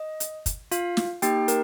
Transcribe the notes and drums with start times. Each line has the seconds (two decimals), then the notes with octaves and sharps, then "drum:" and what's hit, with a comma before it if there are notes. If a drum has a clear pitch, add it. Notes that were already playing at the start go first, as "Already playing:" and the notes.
Already playing: D#5
0.20 drum: hi-hat
0.46 drum: kick, hi-hat
0.71 F4 F5, drum: hi-hat
0.97 drum: snare
1.22 A#3 D#4 G4 G5, drum: hi-hat
1.48 A#4, drum: hi-hat